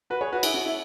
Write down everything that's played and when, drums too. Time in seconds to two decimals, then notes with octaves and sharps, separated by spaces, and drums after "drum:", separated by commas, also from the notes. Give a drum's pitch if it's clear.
0.10 F#4 B4
0.21 G#4 C#5
0.32 F#4 B4
0.43 E4 G#4, drum: cymbal
0.54 C#4 F#4
0.65 E4